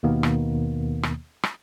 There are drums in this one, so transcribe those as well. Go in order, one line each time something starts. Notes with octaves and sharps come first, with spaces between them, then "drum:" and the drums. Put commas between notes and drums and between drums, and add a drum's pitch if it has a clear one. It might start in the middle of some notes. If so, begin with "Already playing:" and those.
D#2 B2 D#3 A#3 B3
drum: rim click
drum: rim click
drum: rim click